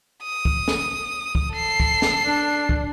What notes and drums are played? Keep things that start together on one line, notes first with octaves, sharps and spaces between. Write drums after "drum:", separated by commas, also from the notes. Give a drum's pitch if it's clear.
D#6
drum: kick
drum: snare
drum: kick
A4 C7
drum: kick
drum: snare
D4
drum: kick